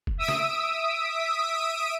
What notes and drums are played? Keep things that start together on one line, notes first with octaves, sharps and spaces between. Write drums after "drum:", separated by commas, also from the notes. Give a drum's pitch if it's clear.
drum: kick F1
E5 D#6 E6 B6 D7 D#7
drum: snare